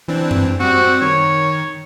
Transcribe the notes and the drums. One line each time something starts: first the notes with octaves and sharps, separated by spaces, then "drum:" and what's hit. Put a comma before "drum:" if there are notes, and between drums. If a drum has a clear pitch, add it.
E3 C4 D4
drum: tom F#2
G3 C4 F#4
D#3 C#5